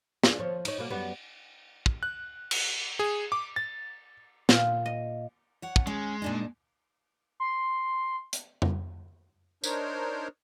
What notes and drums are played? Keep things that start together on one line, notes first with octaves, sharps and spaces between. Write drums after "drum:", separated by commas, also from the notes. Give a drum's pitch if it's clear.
D4 F4 G#4, drum: snare
F3 C#5
D#4 C#5, drum: cymbal
B2 A#3
F#2 G3 B3
drum: kick
F#6
drum: cymbal
G#4
D6
A6
A#2, drum: snare
D#5
C#5 F#5
drum: kick
G#3 C#4
A#2 D4 D#4
C6
drum: hi-hat
drum: tom F2
D4 D#4 A#4 C5 C#5, drum: tambourine